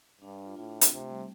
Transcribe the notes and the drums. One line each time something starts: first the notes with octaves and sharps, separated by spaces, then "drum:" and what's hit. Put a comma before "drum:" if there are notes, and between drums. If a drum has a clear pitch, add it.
G2 D4
F4
A2 F4
D4
C4, drum: hi-hat
C3 A3
G3